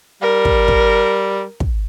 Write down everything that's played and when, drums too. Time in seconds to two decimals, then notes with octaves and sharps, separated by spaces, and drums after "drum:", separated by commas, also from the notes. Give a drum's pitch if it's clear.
0.22 G3 A#4
0.45 drum: kick
0.68 drum: kick
1.60 drum: kick